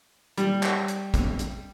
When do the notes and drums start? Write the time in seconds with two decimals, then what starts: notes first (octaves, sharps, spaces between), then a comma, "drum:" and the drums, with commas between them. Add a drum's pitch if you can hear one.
0.38 G3, drum: hi-hat
0.63 drum: clap
0.88 drum: hi-hat
1.14 drum: kick, hi-hat
1.39 drum: hi-hat